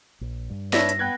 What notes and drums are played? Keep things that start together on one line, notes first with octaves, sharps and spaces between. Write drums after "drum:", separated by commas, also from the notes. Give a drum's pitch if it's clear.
A#1
G2
D4 B4 C#5 D5 E5 A#6, drum: snare
drum: hi-hat
B3 B4 G5 F#6 G#6